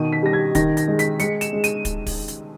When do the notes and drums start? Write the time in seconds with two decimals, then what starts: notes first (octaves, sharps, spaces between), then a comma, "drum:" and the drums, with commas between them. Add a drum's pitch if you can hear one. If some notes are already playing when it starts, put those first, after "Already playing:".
Already playing: B2 D#3 D#7
0.12 B6
0.23 G3 A#6
0.33 G#6
0.55 D#3 A#6, drum: kick, hi-hat
0.77 A#6, drum: hi-hat
0.88 G#3
0.99 B6, drum: hi-hat
1.20 G#3 C#7, drum: hi-hat
1.41 E7, drum: hi-hat
1.53 G#3
1.64 D#7, drum: hi-hat
1.85 drum: kick, hi-hat
2.06 drum: kick, open hi-hat
2.28 drum: hi-hat